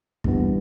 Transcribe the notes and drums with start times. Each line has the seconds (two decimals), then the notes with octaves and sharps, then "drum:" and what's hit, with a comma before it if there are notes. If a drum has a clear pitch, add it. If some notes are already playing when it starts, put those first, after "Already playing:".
0.24 G1 G2 E3 B3, drum: kick